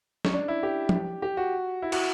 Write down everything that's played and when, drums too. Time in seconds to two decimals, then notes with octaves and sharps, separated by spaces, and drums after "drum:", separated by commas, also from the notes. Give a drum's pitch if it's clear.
0.25 C#4, drum: snare
0.34 D4
0.48 E4
0.63 G4
0.89 drum: tom
1.22 G4
1.37 F#4
1.82 E4
1.92 F#4, drum: cymbal